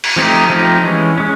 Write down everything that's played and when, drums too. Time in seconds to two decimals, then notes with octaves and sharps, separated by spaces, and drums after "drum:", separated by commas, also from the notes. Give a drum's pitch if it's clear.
0.04 drum: cymbal
0.16 F3 A3 C4 D#4 G4
0.50 F3 A3 C4 D#4 G4
0.83 E3 G#3 C#4
1.18 G#3 C#4